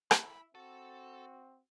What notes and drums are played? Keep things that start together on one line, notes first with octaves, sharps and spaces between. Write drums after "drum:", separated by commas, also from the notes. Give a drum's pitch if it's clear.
E4 B5, drum: rim click
C4 F#4 A4